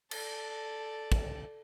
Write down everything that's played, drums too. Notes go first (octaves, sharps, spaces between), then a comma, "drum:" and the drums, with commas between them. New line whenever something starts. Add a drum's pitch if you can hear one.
A4 D5, drum: cymbal
drum: kick